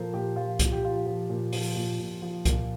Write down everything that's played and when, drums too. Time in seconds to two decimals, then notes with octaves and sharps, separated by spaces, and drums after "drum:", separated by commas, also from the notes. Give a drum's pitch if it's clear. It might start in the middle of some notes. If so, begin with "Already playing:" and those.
Already playing: A#2 F3 A4 A#4 C5
0.13 A#2 G4
0.36 F3 F4
0.59 A#2 F4, drum: kick C2, hi-hat
0.72 G4
0.83 F3 F4
1.06 F3
1.29 A#2
1.53 F3, drum: open hi-hat
1.75 A#2
1.99 A#2
2.22 F3
2.45 A#2, drum: kick C2, hi-hat